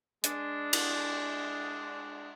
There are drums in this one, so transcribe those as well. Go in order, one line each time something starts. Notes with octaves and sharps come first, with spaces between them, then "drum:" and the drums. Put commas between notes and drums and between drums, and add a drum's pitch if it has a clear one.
G#3 D4, drum: hi-hat
drum: cymbal